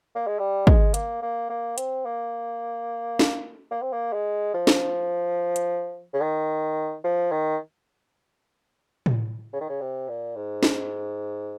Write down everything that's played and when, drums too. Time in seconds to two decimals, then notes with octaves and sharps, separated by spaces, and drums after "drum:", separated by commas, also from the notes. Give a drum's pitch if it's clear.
0.15 A#3
0.27 G#3
0.39 G3
0.67 G#3, drum: kick
0.94 A#3, drum: hi-hat
1.22 A#3
1.50 A#3
1.78 C4, drum: hi-hat
2.05 A#3
3.19 drum: snare
3.71 A#3
3.82 C4
3.92 A#3
4.13 G#3
4.54 F3
4.67 drum: snare
5.56 drum: hi-hat
6.14 C#3
6.21 D#3
7.04 F3
7.32 D#3
9.06 drum: tom A2
9.53 C#3
9.61 D#3
9.69 C#3
9.81 C3
10.09 A#2
10.36 G#2
10.63 drum: snare